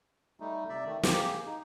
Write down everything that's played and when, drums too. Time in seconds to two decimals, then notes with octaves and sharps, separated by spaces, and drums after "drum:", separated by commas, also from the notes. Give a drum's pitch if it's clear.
0.40 G3 A3 D#4
0.69 C3 D5 E5
0.86 D#3 A3
1.03 A#3 G4 G#4, drum: snare
1.46 D#4